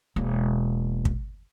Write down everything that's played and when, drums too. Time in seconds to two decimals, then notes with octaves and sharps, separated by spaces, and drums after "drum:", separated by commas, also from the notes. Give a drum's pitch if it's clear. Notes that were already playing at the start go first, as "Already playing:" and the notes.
0.16 E1 A#3
1.05 drum: kick